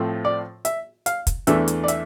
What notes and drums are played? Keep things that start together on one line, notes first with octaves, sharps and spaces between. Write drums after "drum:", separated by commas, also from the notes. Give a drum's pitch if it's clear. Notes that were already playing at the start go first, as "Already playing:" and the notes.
Already playing: A2 F3 A3 C4
D5
E5, drum: hi-hat
F5, drum: hi-hat
drum: kick, hi-hat
E2 E3 A3 D4 E5, drum: hi-hat
drum: hi-hat
D5
E5, drum: hi-hat